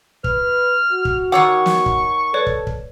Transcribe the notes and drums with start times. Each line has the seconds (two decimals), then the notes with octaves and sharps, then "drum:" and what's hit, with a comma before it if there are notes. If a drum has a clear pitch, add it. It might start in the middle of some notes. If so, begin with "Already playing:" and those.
0.24 B4 F6, drum: kick
0.92 F#4
1.05 drum: kick
1.32 D#3 C#5 F#5 C#6 D6 E6
1.66 drum: snare
1.86 drum: kick
2.34 A4 B4 C#5 D5
2.47 drum: kick
2.67 drum: kick